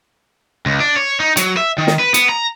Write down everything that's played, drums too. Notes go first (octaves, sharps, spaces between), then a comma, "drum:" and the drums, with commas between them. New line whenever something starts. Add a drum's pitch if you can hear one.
C#2
D4
C#5
D#4
F#3, drum: hi-hat
E5
D#3
drum: snare
B4
B3, drum: hi-hat
A#5